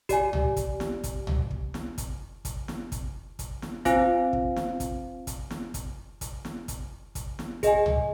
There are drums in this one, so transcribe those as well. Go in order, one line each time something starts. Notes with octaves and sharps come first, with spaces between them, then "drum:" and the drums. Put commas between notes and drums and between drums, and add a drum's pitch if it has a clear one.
G4 D5 G#5, drum: kick, hi-hat
drum: tom
drum: kick, hi-hat
drum: snare
drum: kick, hi-hat
drum: tom
drum: kick
drum: snare
drum: kick, hi-hat
drum: kick, hi-hat
drum: snare
drum: kick, hi-hat
drum: kick, hi-hat
drum: snare
C4 F4 C5 F5 G#5, drum: kick, hi-hat
drum: kick
drum: snare
drum: kick, hi-hat
drum: kick, hi-hat
drum: snare
drum: kick, hi-hat
drum: kick, hi-hat
drum: snare
drum: kick, hi-hat
drum: kick, hi-hat
drum: snare
G#4 D#5 G#5, drum: kick, hi-hat
drum: tom